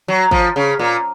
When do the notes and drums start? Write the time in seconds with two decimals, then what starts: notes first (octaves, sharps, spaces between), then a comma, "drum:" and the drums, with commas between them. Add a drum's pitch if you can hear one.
0.08 F#3
0.31 F3, drum: kick
0.56 C#3
0.79 A#2